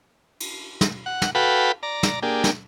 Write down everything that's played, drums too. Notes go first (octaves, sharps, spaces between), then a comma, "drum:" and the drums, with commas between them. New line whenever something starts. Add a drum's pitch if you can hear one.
drum: cymbal
drum: snare
F#5
drum: snare
F#4 A4 B4 F5 G5 B5
D5 A#5
drum: snare
A#3 D4 G4 G#4
drum: snare